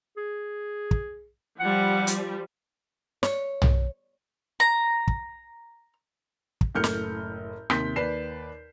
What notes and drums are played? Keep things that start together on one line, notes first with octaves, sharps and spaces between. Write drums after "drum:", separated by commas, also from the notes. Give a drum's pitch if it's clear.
G#4
drum: kick
F3 G3 F#5
drum: hi-hat
C#5, drum: snare
drum: tom
A#5
drum: kick
drum: kick
F#1 A2 A3 F6 G6 C#7
drum: snare
D#2 C3 C6 G6 B6, drum: rim click
D#2 B4 D5 C7 E7